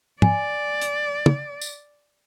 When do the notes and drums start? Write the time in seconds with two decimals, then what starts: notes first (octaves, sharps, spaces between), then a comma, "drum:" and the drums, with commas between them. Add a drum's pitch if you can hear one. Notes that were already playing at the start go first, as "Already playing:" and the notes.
0.22 D5 G#5, drum: tom
0.81 drum: hi-hat
1.26 drum: tom
1.61 drum: tambourine